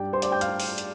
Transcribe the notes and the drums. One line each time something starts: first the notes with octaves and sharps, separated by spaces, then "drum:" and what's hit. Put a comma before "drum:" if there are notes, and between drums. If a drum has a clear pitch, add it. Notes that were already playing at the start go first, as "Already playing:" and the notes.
Already playing: G2 G3 G4 D5 G5
C5 C6
D5 D6, drum: hi-hat
G5 G6
F5 F6, drum: hi-hat
drum: open hi-hat
drum: hi-hat